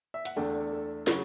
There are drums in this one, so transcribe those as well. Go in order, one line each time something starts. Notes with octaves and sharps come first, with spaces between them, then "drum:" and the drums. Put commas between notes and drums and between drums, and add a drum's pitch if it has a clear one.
E5
F#5, drum: hi-hat
E2 D3 A3 D4 G5
A4
C#3 F#3, drum: snare